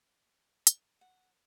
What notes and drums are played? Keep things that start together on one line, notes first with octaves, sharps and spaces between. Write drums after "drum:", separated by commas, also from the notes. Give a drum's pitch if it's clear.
drum: hi-hat
F#5